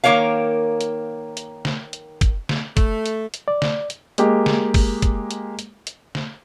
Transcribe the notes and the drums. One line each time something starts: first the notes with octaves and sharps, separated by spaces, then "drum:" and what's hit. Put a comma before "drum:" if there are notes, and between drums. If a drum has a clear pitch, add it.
D#3 A#3 A#4 C#5 F5
drum: hi-hat
drum: hi-hat
drum: snare
drum: hi-hat
drum: kick, hi-hat
drum: snare
A3, drum: kick, hi-hat
drum: hi-hat
drum: hi-hat
D5
drum: snare
drum: hi-hat
G#3 A#3 G4, drum: hi-hat
drum: snare
drum: kick, open hi-hat
drum: kick, hi-hat
drum: hi-hat
drum: hi-hat
drum: hi-hat
drum: snare